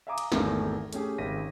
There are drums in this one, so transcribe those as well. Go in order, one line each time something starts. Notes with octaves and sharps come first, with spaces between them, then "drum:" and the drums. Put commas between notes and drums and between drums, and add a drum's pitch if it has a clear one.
E5 F5 G#5 A#5 D6 D#6
drum: cymbal
G#1 E2 A3 A#4 A#6, drum: snare
A3 C#4 G4 G#4, drum: hi-hat
G#1 C#3 A#6 B6 D#7